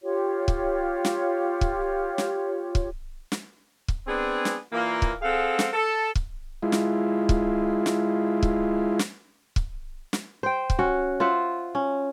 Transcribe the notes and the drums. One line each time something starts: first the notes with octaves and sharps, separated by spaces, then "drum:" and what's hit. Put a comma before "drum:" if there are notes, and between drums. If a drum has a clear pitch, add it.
F4 G4 C#5
drum: kick
drum: snare
drum: kick
drum: snare
drum: kick
drum: snare
drum: kick
B3 C4 D4 G#4
drum: snare
A#2 E3 A#3
drum: kick
C4 G#4 A4 F5 F#5
drum: snare
A4
drum: kick
G#3 E4 F4
drum: snare
drum: kick
drum: snare
drum: kick
drum: snare
drum: kick
drum: snare
C5 G5
drum: kick
C#4 F#4
F4 C5 E5 F#5
C#4